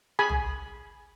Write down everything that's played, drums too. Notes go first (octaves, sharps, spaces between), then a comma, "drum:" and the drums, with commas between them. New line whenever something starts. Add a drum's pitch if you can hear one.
G#4 G#5 B5
drum: tom A#1